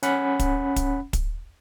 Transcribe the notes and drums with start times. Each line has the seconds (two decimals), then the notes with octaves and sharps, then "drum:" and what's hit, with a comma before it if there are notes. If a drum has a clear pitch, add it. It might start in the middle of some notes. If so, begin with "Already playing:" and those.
0.03 C#4 F#5 B5, drum: hi-hat
0.39 drum: kick, hi-hat
0.76 drum: kick, hi-hat
1.13 drum: kick, hi-hat